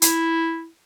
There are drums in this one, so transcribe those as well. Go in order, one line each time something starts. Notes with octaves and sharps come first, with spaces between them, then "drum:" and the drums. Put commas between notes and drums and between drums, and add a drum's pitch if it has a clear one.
E4, drum: hi-hat